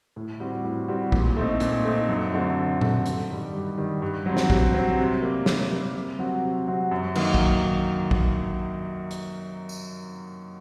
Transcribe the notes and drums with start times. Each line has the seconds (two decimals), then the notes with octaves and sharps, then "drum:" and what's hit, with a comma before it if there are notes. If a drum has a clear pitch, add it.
0.16 A2
0.40 G3 C4 F#4
0.64 A2
0.88 G3 C4 F#4
1.12 A#2, drum: kick
1.37 A3 C4 D#4
1.60 A#2, drum: hi-hat
1.85 A3 C4 D#4
2.08 F#2
2.33 D3 A3 C4
2.57 F#2
2.81 D3 A3 C4, drum: tom A#2
3.06 G2, drum: hi-hat
3.30 D#3 G3
3.53 G2
3.78 D#3 G3
4.02 G2
4.26 F#3 C4
4.37 drum: snare
4.50 G2, drum: kick
4.74 F#3 C4
4.98 C3
5.22 G3 A#3
5.46 C3, drum: snare
5.71 G3 A#3
5.95 C3
6.19 F#3 C4 F#4
6.43 C3
6.67 F#3 C4 F#4
6.91 F#2
7.15 D#3 F#3 A#3 D#4, drum: cymbal
7.34 drum: kick
8.11 drum: kick
9.11 drum: hi-hat
9.69 drum: tambourine